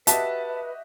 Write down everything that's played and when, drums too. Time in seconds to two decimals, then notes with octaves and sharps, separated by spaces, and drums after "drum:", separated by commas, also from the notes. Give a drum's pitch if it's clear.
0.07 F#4 G4 B4 D#5 E5 A5, drum: hi-hat